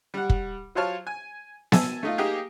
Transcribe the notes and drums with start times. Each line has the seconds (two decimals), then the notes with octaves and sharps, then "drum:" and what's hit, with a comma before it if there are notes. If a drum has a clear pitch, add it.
0.14 G3 F#5
0.30 drum: kick
0.75 F#3 F4 C5 C#5 A5 F6
1.07 G#5
1.72 E5 G#5 A5, drum: snare B3
2.03 A3 D#4 F4
2.18 A#3 D#4 G4 G#4